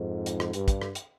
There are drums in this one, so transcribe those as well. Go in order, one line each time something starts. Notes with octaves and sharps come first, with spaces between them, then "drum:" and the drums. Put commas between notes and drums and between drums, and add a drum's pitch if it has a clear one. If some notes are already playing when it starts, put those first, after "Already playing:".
Already playing: F2 G#2
drum: hi-hat
drum: rim click
G2, drum: hi-hat
drum: kick, hi-hat
drum: rim click
drum: hi-hat